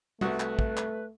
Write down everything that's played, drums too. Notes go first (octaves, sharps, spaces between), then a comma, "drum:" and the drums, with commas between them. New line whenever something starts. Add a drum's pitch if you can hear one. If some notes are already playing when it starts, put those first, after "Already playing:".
C2 A3 F#4 B4, drum: tom
drum: clap
drum: kick
drum: clap